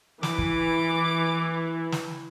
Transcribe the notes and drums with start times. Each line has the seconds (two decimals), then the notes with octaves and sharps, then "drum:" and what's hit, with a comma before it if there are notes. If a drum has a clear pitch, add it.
0.23 E3 D6, drum: snare
0.38 drum: kick
1.92 drum: snare